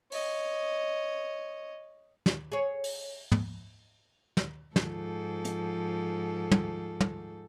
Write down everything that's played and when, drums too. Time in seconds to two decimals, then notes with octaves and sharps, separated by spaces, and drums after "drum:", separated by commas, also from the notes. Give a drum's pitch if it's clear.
0.12 C#5 D#5, drum: open hi-hat
2.26 drum: snare
2.52 G#4 C#5
2.84 drum: open hi-hat
3.32 drum: tom
4.37 drum: snare
4.76 G#2 F3 A4, drum: snare
5.45 drum: hi-hat
6.52 drum: tom
7.01 drum: tom